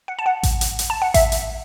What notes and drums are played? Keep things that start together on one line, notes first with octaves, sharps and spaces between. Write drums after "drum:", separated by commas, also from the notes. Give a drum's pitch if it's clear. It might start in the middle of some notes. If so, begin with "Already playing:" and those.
F#5
A5
F#5
drum: kick A1, hi-hat
drum: hi-hat
drum: hi-hat
A5
F#5
E5, drum: kick A1, hi-hat
drum: hi-hat